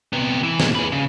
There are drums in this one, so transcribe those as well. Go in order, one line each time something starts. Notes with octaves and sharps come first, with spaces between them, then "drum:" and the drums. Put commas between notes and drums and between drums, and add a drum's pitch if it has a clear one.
C3 B3
E3
A#2 G#3, drum: snare
G#4 B4
C#3